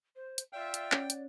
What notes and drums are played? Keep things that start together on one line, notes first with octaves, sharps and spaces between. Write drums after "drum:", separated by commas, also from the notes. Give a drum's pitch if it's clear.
C5
drum: hi-hat
F4 D5 E5 G5
drum: hi-hat
C#4 C#5, drum: clap
drum: hi-hat